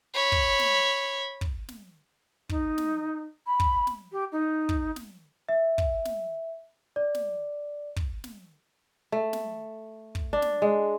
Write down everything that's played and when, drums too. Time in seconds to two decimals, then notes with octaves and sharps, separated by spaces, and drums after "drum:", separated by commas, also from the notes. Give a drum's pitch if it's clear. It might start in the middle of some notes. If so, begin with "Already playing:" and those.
0.14 C#5 B5
0.32 drum: kick
0.59 drum: snare
1.41 drum: kick
1.68 drum: snare
2.49 D#4, drum: kick
2.78 drum: snare
3.46 B5
3.60 drum: kick
3.87 drum: snare
4.12 G4
4.31 D#4
4.69 drum: kick
4.96 drum: snare
5.49 E5
5.78 drum: kick
6.05 drum: snare
6.96 D5
7.15 drum: snare
7.96 drum: kick
8.24 drum: snare
9.12 A3
9.33 drum: snare
10.15 drum: kick
10.33 D4
10.42 drum: snare
10.62 G#3